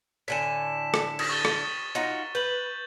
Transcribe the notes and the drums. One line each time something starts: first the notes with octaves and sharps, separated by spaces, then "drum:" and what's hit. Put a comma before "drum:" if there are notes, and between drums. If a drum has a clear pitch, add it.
A2 D3 G#5 B6 E7
drum: rim click
drum: cymbal
C#6 A6 G7
drum: rim click
D#4 F4 F#4
B4 G6 F#7